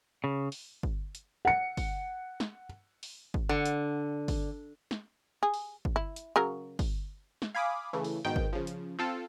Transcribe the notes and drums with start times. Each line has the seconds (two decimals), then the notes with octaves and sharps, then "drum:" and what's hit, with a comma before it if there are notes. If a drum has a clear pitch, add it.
0.24 C#3
0.52 drum: open hi-hat
0.83 drum: kick
1.15 drum: hi-hat
1.45 F#5 C#7
1.77 drum: kick, open hi-hat
2.40 drum: snare
3.03 drum: open hi-hat
3.34 drum: kick
3.49 D3
3.66 drum: hi-hat
4.28 drum: kick, open hi-hat
4.91 drum: snare
5.43 G#4
5.54 drum: open hi-hat
5.85 drum: kick
5.96 E4
6.16 drum: hi-hat
6.36 C#3 F#3 A#4
6.79 drum: kick, open hi-hat
7.42 drum: snare
7.55 F5 G#5 B5 D6 D#6
7.93 C#3 E3 A3
8.05 drum: open hi-hat
8.25 G#2 B2 D#3 G5
8.36 drum: kick
8.53 C#3 F3
8.67 drum: hi-hat
8.99 C4 F4 A4